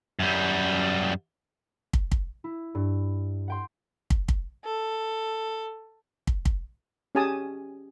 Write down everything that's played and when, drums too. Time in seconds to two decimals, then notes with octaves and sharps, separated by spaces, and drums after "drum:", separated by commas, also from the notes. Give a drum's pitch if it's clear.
0.19 F#2 G3
1.93 drum: kick
2.12 drum: kick
2.44 E4
2.75 G2
3.48 F#5 G5 C6
4.10 drum: kick
4.28 drum: kick
4.65 A4
6.27 drum: kick
6.45 drum: kick
7.15 C#4 G4 G#4 G#5 A5 D#6